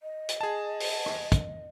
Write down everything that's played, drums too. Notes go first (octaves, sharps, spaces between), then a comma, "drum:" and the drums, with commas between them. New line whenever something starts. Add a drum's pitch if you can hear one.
D#5
drum: hi-hat
G#4 A5
drum: open hi-hat
drum: rim click
drum: kick, hi-hat